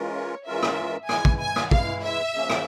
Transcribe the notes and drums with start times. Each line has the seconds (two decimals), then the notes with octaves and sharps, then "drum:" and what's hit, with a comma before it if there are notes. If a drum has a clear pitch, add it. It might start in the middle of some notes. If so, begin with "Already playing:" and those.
Already playing: E3 G#3 C#4 F4 A#4
0.16 C#5
0.47 E3 G#3 C#4 F4 A#4 E5
0.63 drum: rim click
1.09 E3 G#3 E4 G#5, drum: rim click
1.25 drum: kick
1.40 G#5
1.56 drum: rim click
1.71 E3 G#3 E4 F5, drum: kick
2.03 E5
2.34 C#3 F3 A#3 C#4
2.50 drum: rim click